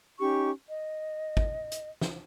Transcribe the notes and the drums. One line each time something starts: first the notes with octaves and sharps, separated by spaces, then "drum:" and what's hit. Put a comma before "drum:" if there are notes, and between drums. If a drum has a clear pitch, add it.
C#4 D#4 G4 C#6
D#5
drum: kick
drum: hi-hat
drum: snare